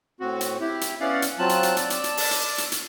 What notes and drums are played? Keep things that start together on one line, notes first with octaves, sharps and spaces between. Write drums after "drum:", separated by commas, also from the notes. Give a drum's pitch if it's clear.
A2 C4 F#4
drum: hi-hat
E4 G4
drum: hi-hat
B3 C#4 E4 D5 F5 F#5
drum: hi-hat
F#3 C4 F4 A5 F#6
drum: hi-hat
drum: hi-hat
D5 A5 E6, drum: hi-hat
drum: hi-hat
drum: hi-hat
drum: open hi-hat
drum: hi-hat
drum: hi-hat
drum: hi-hat